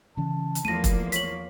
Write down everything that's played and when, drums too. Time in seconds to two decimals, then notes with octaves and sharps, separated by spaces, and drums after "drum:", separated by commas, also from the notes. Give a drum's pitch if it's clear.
0.17 C#3 E3 C#4 A5
0.55 drum: hi-hat
0.65 E2 F3 A3 A#3 A#6 D#7
0.84 drum: kick E1, hi-hat
1.12 C#5 B6 F#7, drum: hi-hat